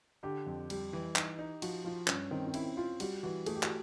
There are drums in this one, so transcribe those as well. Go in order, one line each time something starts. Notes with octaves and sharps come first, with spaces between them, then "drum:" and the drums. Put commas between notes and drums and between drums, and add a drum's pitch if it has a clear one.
D3 G4
F2
G3, drum: cymbal
E3
D#4, drum: clap
D#4
F3 F#4, drum: cymbal
F3 F4
G2 C#4, drum: clap
D#3 C4
C4
C#4 E4, drum: cymbal
C4 F4
G3 F#4, drum: cymbal
E3 F#4
A3 G#4, drum: cymbal
G4
F#4, drum: clap